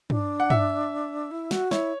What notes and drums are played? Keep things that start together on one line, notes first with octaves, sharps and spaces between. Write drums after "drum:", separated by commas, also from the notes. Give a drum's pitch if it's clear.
D4, drum: tom G2
F#5
E5, drum: tom G2
E4
F#4, drum: snare
E4 C#5, drum: snare